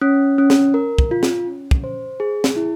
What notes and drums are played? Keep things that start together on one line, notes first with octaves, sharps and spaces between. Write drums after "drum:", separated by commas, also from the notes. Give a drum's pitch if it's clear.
C#4
C#4
drum: snare
A#4
drum: kick
F4
drum: snare
C#4
drum: kick
C5
G#4
drum: snare
E4